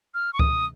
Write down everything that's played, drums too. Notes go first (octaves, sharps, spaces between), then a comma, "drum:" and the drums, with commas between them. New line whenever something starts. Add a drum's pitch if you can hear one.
F6
C#6
D#6, drum: kick C#2